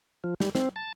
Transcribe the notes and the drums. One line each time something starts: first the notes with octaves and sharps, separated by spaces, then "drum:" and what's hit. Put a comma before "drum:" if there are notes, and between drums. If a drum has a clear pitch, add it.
F3
G3, drum: snare
C4, drum: snare
A5